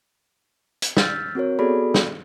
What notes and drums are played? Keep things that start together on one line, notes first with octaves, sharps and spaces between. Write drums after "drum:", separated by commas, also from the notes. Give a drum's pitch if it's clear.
drum: hi-hat
E6 F6 G6 A6 B6, drum: snare
C4 F#4 A#4 C#5
B3 F#4 G#4 A4 D5 B5
drum: snare